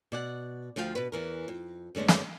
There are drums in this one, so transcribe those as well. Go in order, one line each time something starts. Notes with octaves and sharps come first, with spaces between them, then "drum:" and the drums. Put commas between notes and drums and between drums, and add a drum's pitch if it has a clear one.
B2 D5 F#5
D2 F3 F4 F5 G5
B2 B4
E2 E3 A#4
F2
F#2 D3 G#3 A3 B3
drum: snare